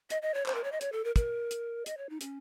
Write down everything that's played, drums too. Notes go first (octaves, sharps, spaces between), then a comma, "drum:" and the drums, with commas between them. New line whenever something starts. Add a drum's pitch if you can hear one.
D#5, drum: hi-hat
D#5
C#5
C5, drum: clap
A#4
C#5
D#5
C#5, drum: hi-hat
A4
A#4
A#4, drum: kick, hi-hat
drum: hi-hat
D#5, drum: hi-hat
C#5
D#4
C#4, drum: hi-hat